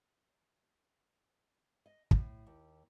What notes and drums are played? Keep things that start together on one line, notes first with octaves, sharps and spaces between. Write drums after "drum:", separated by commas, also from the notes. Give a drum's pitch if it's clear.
D#5
A2, drum: kick
D#2